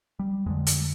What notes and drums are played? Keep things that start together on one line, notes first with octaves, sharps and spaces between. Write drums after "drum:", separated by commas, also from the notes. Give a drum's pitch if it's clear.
G3
F2 D3 G#3
drum: hi-hat